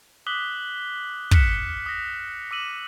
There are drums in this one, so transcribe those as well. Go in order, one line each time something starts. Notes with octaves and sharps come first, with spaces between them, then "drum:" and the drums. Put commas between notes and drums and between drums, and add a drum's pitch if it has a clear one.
D6 D#6 F#6 B6 F#7 G7
F6 F#6 B6 C#7 E7, drum: kick
D#6 A#6
D6 E6 D#7 F#7